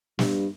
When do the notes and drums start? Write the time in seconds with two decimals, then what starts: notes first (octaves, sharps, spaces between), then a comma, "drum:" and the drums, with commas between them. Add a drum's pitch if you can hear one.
0.19 G2, drum: snare